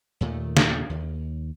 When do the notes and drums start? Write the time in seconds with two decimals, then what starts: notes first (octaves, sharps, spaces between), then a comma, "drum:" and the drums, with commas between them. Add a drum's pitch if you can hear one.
0.21 D#2 A#2 D#3 A3
0.57 drum: snare
0.90 D#2